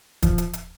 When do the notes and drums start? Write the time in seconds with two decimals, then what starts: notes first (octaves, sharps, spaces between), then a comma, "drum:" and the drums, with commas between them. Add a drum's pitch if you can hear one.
0.22 F3, drum: kick, hi-hat
0.38 drum: hi-hat
0.53 drum: hi-hat